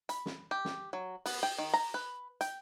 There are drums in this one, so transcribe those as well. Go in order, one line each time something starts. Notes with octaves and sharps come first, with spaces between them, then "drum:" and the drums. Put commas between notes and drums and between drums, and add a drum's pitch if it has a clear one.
B5, drum: hi-hat
drum: snare
G4
drum: snare
F#3
B3, drum: open hi-hat
G5
D#3
A#5
B4
G5, drum: hi-hat